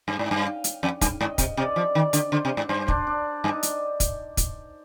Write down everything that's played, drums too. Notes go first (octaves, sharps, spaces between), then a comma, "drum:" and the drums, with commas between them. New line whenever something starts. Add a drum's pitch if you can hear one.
G2 F5
G#2 F5
G2 F5
G5
drum: hi-hat
F2
G2, drum: kick, hi-hat
G#2 D#5
C3, drum: kick, hi-hat
C3 D5
F3
D#3
D3, drum: hi-hat
D3 C5
C3
G#2
G2 C5
D4, drum: kick
D4
G2 D#4
D4
drum: hi-hat
drum: kick, hi-hat
drum: kick, hi-hat